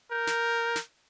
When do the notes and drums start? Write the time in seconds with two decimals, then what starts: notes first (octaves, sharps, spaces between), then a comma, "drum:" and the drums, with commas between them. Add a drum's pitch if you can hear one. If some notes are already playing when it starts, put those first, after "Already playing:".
0.11 A#4 G6
0.27 drum: snare
0.76 drum: snare